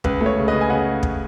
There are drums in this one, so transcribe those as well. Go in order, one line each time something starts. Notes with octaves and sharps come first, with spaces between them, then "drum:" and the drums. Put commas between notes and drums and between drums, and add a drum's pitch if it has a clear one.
C#2 B4, drum: kick
A3
C#5
C#3
B4 D#5
C#3
G#5
C#3 D#5 F#5
drum: kick